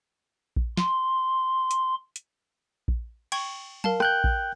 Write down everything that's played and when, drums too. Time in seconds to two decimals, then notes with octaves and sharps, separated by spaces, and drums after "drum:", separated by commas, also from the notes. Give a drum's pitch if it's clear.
0.56 drum: kick A#1
0.77 C6, drum: snare
1.71 drum: hi-hat
2.16 drum: hi-hat
2.88 drum: kick A#1
3.32 G5 C#6 G#6, drum: cymbal
3.84 A#4 F5 A5, drum: tom F#3
4.00 G5 F#6 G6, drum: rim click
4.24 drum: kick A#1